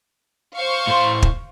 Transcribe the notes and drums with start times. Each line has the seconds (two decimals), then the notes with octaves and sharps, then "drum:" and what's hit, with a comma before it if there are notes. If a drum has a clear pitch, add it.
0.55 C5 F5 C#6
0.87 A2 C6
1.22 drum: kick